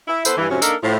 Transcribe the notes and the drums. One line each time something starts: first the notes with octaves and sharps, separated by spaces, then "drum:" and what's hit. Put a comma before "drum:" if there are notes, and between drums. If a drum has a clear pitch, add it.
E4
B3 E4 A4 B4 C5, drum: tambourine
G2 E3
F2 G#2 C3 F#3 C#4 F#4
A#3 D4 D#4 A4 A#4, drum: tambourine
A2 F3